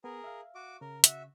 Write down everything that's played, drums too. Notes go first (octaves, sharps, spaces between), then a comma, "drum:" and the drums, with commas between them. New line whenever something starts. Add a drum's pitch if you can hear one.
B3 G#4 A#4
E5 F5
F#4 D6
C#3 A#4
F#4 E5, drum: hi-hat